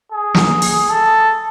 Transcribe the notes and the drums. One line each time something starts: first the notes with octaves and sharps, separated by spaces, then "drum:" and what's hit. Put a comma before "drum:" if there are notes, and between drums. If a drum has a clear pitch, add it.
G#4
drum: snare
drum: open hi-hat
A4